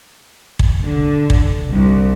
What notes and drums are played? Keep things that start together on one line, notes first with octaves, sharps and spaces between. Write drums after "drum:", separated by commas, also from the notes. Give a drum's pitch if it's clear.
drum: kick
D3
drum: kick
C2